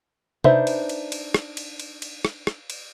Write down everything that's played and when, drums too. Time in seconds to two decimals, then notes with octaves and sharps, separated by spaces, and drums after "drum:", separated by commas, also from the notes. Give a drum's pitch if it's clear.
0.44 D4 D#4 B4 C5 E5, drum: tom C3
0.67 drum: cymbal
0.89 drum: cymbal
1.12 drum: cymbal
1.34 drum: rim click
1.57 drum: cymbal
1.80 drum: cymbal
2.02 drum: cymbal
2.25 drum: rim click
2.47 drum: rim click
2.70 drum: cymbal